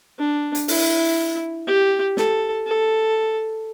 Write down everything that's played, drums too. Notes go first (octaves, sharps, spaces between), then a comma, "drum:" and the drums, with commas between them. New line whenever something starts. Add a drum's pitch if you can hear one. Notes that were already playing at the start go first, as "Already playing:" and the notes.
D4
drum: hi-hat
E4, drum: open hi-hat
G4
A4, drum: snare
A4